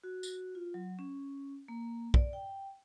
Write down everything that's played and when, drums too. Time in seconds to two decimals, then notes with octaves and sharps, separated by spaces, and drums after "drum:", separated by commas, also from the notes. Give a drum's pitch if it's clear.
0.04 F#4
0.23 drum: tambourine
0.55 F4
0.74 F#3
0.99 C#4
1.68 A#3
2.14 D5, drum: kick
2.33 G5